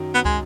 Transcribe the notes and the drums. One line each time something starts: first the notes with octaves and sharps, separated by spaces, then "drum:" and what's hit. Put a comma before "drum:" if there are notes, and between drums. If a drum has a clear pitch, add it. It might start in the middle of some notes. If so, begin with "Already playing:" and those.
Already playing: F#2 D#3 F#3 D#4
B3
G#3, drum: kick